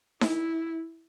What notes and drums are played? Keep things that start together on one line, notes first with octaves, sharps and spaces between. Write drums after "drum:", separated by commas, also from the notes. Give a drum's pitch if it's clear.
E4, drum: snare D#4